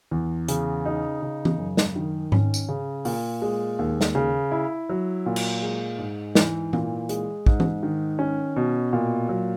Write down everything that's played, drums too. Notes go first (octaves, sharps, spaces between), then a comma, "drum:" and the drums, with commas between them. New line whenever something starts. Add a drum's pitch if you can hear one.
E2
C#3, drum: hi-hat
D#4
C#3
drum: tom E3
F#2
drum: snare
D#3
C#4, drum: tom G#2
drum: tambourine
C#3
A#2, drum: open hi-hat
G#3
D#2
drum: snare
C#3
E4
F#3
A#2
drum: cymbal
G#3
G#2
E3, drum: snare
A#2, drum: tom E3
G#3, drum: hi-hat
G#2, drum: kick
drum: tom E3
D#3
C#4
B2
A#2
F#3